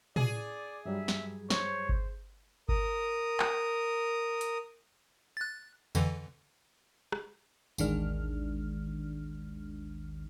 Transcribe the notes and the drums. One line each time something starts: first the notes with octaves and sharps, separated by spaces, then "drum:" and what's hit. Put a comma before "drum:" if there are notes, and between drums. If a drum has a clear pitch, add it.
G#4 D5, drum: tom
G2 F#3 G3 E5
drum: snare
C5 C#5, drum: snare
drum: kick G1
A#4 D#6, drum: kick G1
drum: clap
drum: hi-hat
F#6 A6
F2 D3 E3, drum: tambourine
drum: rim click
A1 D#2 D#3 G#3 D4 F6, drum: tambourine